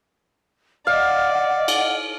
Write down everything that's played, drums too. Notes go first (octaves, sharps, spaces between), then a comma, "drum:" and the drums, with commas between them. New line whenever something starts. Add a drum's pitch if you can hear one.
D5 D#5 F5 F#5
drum: cymbal